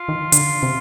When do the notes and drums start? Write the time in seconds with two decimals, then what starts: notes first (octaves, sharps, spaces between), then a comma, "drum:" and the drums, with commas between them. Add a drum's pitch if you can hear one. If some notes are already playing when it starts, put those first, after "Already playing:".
Already playing: F4
0.09 D#3
0.32 D3, drum: hi-hat
0.63 C3